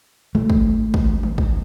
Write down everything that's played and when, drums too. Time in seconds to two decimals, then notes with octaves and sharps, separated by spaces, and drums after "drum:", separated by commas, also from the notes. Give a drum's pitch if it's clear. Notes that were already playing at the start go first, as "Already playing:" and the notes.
0.35 A3, drum: tom G#2
0.50 drum: kick
0.94 drum: kick
1.23 drum: tom D#3
1.38 drum: kick